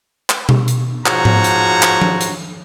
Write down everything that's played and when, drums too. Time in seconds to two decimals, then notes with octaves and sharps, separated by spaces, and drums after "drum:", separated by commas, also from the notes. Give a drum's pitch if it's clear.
0.30 drum: clap
0.49 drum: tom B2
0.68 drum: hi-hat
1.06 G#2 F3 F#4 C#5 A#5, drum: clap
1.25 drum: tom G#2
1.44 drum: hi-hat
1.82 drum: clap
2.02 drum: tom F3
2.21 drum: hi-hat